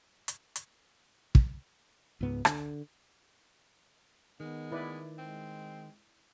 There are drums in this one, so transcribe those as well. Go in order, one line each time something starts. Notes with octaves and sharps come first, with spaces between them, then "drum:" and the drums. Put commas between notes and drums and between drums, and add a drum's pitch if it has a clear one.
drum: hi-hat
drum: hi-hat
drum: kick
C#2 G#2 B3
D3, drum: rim click
D#3 G#3 B3
E4 B4 D5
G#3 C4